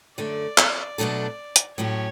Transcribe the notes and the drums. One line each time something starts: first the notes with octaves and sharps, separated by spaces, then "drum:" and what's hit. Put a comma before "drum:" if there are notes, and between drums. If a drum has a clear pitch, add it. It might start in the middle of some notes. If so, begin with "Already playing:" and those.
F#2 D3 A3 D5
drum: clap
B2 F#3 A3 D4 A4
drum: hi-hat
A2 F#3 C#4 G4 C#5